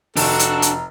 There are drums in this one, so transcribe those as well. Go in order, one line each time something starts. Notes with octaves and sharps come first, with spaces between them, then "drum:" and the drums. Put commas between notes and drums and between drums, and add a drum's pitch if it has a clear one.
F1 D4 F#4 A4 A5 A#5, drum: open hi-hat
drum: hi-hat
drum: hi-hat